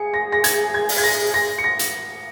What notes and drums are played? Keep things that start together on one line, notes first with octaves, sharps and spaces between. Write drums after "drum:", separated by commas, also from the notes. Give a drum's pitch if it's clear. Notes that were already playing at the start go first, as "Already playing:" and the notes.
Already playing: G#4 C#7
A#6
A#6
G#6, drum: hi-hat
G#6
drum: open hi-hat
G#6
A#6
A#6
C#7
A#6
drum: hi-hat